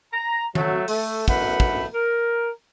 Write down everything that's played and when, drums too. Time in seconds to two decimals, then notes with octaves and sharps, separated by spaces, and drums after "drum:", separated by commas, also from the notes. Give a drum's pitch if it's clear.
0.13 A#5
0.55 F#3 A3, drum: tom D#3
0.88 A3, drum: open hi-hat
1.28 F#2 B2 E3 A3 F#5 B5, drum: kick
1.60 drum: kick
1.93 A#4